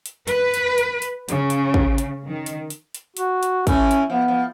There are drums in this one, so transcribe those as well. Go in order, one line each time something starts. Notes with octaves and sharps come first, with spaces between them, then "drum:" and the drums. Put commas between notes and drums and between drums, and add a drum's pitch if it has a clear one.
drum: hi-hat
B4, drum: hi-hat
drum: hi-hat
drum: hi-hat
drum: hi-hat
C#3, drum: hi-hat
drum: hi-hat
drum: kick
drum: hi-hat
D#3
drum: hi-hat
drum: hi-hat
drum: hi-hat
F#4, drum: hi-hat
drum: hi-hat
E3 A3 C#4 E4, drum: kick, hi-hat
drum: hi-hat
F3 B3
F3